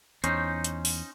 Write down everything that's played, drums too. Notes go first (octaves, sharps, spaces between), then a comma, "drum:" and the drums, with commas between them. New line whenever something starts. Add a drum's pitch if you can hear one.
E2 C#4 D#4 C5, drum: hi-hat
drum: hi-hat
drum: open hi-hat